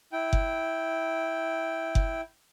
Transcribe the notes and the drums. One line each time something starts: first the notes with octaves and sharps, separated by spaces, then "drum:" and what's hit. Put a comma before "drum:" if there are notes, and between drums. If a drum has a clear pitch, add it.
E4 G5
drum: kick F#1
drum: kick F#1